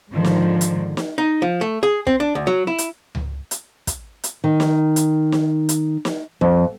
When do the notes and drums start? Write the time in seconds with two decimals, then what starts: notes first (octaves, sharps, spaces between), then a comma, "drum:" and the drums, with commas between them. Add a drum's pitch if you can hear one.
0.10 G#2 D3 D#3 F3
0.25 drum: snare
0.61 drum: hi-hat
0.97 drum: snare
1.18 D#4
1.42 F3
1.61 A3
1.83 G#4
2.07 C4, drum: kick
2.20 D4
2.35 D2
2.47 F#3
2.67 E4
2.78 drum: hi-hat
3.15 drum: tom C#2
3.51 drum: hi-hat
3.87 drum: kick, hi-hat
4.24 drum: hi-hat
4.44 D#3
4.60 drum: snare
4.96 drum: hi-hat
5.32 drum: snare
5.69 drum: hi-hat
6.05 drum: snare
6.41 F2, drum: kick